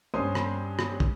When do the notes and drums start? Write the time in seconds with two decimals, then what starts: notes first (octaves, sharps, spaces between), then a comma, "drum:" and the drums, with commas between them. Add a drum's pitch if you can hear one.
0.14 G2 C#4 C5 G#5 C6 D#6
0.35 drum: rim click
0.79 drum: rim click
1.00 drum: kick